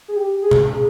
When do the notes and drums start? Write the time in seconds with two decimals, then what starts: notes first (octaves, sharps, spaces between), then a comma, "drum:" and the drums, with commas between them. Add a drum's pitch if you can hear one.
0.08 G#4
0.16 G4
0.42 G#4
0.51 drum: tom B2